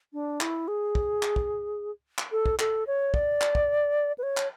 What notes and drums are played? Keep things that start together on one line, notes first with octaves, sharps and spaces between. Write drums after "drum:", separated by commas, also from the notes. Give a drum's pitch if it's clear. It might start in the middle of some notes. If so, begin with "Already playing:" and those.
D4
E4, drum: clap
G#4
drum: kick
drum: clap
drum: kick
drum: clap
A4
drum: kick
A4, drum: clap
C#5
D5, drum: kick
drum: clap
drum: kick
B4
C#5
drum: clap